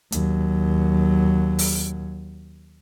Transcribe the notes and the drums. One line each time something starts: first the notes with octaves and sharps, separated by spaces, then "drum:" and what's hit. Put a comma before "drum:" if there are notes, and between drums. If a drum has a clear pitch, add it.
D#2 F#3, drum: hi-hat
drum: open hi-hat